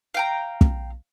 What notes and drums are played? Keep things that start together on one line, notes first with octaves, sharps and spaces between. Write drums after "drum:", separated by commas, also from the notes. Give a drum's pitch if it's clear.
F5 G5 A#5
drum: kick